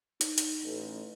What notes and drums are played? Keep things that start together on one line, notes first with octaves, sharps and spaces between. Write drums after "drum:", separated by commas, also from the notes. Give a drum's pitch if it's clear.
D#4, drum: hi-hat
drum: hi-hat
A1